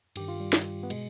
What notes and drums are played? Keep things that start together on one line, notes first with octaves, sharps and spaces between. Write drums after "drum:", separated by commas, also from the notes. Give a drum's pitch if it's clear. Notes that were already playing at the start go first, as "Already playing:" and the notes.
G2 D#3 G4, drum: cymbal
F4
G3
drum: snare
B3
B2 G#3, drum: cymbal